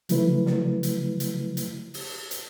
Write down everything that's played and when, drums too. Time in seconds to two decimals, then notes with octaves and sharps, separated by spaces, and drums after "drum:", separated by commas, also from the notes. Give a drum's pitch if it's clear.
0.09 C#3 F3 F#3 A3 E4 B4, drum: hi-hat
0.46 drum: snare
0.83 drum: hi-hat
1.20 drum: hi-hat
1.57 drum: hi-hat
1.94 drum: open hi-hat
2.31 drum: hi-hat